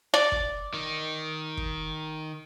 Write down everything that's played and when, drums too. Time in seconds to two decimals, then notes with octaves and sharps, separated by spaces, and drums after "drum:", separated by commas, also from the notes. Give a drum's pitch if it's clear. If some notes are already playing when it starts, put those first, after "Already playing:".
0.14 D5
0.32 drum: kick
0.74 D#3
1.57 drum: kick